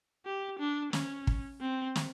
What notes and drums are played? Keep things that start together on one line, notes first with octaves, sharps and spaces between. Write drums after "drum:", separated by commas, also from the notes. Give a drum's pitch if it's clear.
G4
D4
C#4, drum: snare
drum: kick
C4
drum: snare